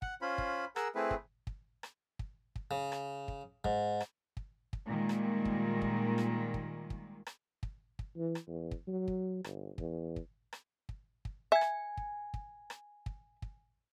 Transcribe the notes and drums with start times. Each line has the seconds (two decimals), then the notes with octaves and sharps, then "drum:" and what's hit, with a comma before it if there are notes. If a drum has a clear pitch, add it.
0.02 F#5, drum: kick
0.22 C#4 F4 C5 B5
0.38 drum: kick
0.76 G#4 A#4 F#5 E6, drum: rim click
0.95 A3 C4 E4 G#4 B4
1.11 drum: kick
1.47 drum: kick
1.83 drum: rim click
2.19 drum: kick
2.56 drum: kick
2.71 C#3
2.92 drum: rim click
3.28 drum: kick
3.65 G#2, drum: kick
4.00 drum: rim click
4.37 drum: kick
4.73 drum: kick
4.86 A#2 D#3 G3 G#3
5.09 drum: rim click
5.45 drum: kick
5.82 drum: kick
6.18 drum: rim click
6.54 drum: kick
6.90 drum: kick
7.26 drum: rim click
7.63 drum: kick
7.99 drum: kick
8.17 E3
8.35 drum: rim click
8.48 E2
8.71 drum: kick
8.88 F#3
9.08 drum: kick
9.44 G1, drum: rim click
9.78 E2, drum: kick
10.16 drum: kick
10.53 drum: rim click
10.89 drum: kick
11.25 drum: kick
11.52 E5 G#5 G#6
11.61 drum: rim click
11.97 drum: kick
12.34 drum: kick
12.70 drum: rim click
13.06 drum: kick
13.42 drum: kick